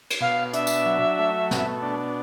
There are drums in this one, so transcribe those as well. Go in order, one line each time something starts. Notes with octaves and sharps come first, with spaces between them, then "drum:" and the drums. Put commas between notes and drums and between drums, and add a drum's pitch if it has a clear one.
drum: cymbal
B2 F5
D4 E5, drum: hi-hat
drum: tambourine
F#3
A3
B2, drum: snare
D4